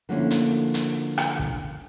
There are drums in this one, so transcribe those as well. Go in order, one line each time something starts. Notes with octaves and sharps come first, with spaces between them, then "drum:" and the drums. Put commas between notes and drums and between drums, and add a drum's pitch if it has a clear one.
D3 F3 A3 A#3 C#4 E4
drum: hi-hat
drum: hi-hat
drum: rim click
drum: kick